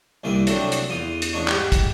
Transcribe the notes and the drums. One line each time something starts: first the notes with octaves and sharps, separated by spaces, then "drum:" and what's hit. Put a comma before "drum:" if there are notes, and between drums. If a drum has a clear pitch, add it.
C2 D#3 E3 A#3 D5
C3 F#3 A3 C4 D4, drum: hi-hat
drum: hi-hat
E2 F4 D#6
drum: hi-hat
A1 E2 D4 D#4 C#5
G#2 G4 F#5, drum: clap
drum: kick, hi-hat